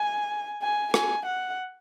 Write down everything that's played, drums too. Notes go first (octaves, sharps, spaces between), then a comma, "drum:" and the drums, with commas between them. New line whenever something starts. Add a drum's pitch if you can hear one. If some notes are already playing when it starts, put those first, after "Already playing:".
Already playing: G#5
G#5
G#5, drum: rim click
F#5